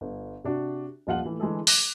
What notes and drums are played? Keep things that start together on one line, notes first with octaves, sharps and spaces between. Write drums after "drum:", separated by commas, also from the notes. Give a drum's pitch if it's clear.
G1
C3 D4 F#4
D#1 F3 F4 F#5 F#7
A2 E3
D3 E3 G#3 E4 G#4 A4
D6 F#6 A#6 D#7, drum: open hi-hat